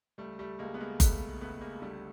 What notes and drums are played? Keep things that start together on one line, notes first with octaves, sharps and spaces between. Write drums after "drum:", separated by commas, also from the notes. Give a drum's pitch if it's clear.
C#2 G3 A3
G3 A3
C#2 G#3 A#3
B3
G#3 A#3
C#2 A3 B3, drum: kick F#1, hi-hat
C#2 A3 B3
G#3 A#3
D3 G3 A3